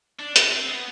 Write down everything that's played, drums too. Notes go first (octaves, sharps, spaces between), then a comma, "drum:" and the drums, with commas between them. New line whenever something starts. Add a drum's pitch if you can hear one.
D4
D4, drum: hi-hat
C4
B3